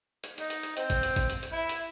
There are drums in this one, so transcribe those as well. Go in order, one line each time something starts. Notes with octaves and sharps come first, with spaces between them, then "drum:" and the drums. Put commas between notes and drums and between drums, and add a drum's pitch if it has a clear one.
drum: hi-hat
D#4, drum: hi-hat
drum: hi-hat
drum: hi-hat
C4, drum: hi-hat
drum: kick G#1, hi-hat
drum: hi-hat
drum: kick G#1, hi-hat
drum: hi-hat
drum: hi-hat
E4
drum: hi-hat